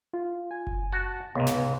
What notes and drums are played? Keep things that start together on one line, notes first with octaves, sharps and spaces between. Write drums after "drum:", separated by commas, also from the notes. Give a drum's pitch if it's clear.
F4
G#5
drum: kick F#1
F#4 A5
C#2 G#2 C3 B3
drum: snare